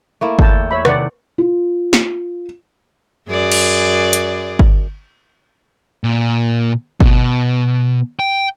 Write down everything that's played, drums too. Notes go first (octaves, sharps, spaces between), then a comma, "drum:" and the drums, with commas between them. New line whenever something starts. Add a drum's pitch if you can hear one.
A3 A#3 E4
E2 A4 G5 A5 G6, drum: kick G1
C#5 E5 B5
C3 D#3 A3 D5 F#5, drum: rim click
F4
drum: snare
F#2 G#4 D5
drum: cymbal
drum: hi-hat
drum: kick G1
A#2
B2, drum: kick G1
G5